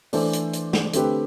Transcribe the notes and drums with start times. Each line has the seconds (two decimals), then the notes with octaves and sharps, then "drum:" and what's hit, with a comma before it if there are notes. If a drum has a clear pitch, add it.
0.13 E3 A3 D4 A4 C5, drum: open hi-hat
0.33 drum: hi-hat
0.53 drum: hi-hat
0.73 drum: snare
0.93 D3 A3 C4 G4 B4, drum: hi-hat